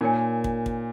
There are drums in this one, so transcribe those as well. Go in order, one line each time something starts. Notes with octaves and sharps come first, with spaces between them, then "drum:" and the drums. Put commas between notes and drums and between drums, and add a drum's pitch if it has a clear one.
A#2 D#4 A#4 C#5 G#5
drum: kick
drum: kick